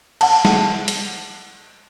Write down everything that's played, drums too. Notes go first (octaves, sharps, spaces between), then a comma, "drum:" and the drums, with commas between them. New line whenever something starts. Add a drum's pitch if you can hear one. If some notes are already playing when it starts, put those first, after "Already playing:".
F#5 A5, drum: cymbal
drum: snare
drum: hi-hat